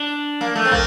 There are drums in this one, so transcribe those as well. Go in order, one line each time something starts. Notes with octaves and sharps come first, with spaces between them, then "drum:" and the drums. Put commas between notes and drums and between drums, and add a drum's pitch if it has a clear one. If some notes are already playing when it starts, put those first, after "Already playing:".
Already playing: D4
A#3
A3
C4
A#3, drum: kick